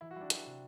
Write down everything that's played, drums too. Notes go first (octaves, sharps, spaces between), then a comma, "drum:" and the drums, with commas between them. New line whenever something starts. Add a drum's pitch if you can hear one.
E3 E4
F#4
G3 E4
D4
G3, drum: hi-hat
C3